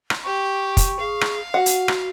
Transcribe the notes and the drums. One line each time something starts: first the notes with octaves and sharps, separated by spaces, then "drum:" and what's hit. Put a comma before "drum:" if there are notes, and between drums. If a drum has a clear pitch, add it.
drum: rim click
G4 C#6
drum: kick, hi-hat
G#4 F5
drum: rim click
F#4 F#5
drum: hi-hat
drum: rim click